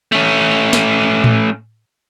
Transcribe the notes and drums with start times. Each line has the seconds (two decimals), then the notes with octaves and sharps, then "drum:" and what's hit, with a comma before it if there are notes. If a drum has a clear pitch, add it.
0.12 A3 C#4
0.73 drum: snare
1.24 drum: tom A2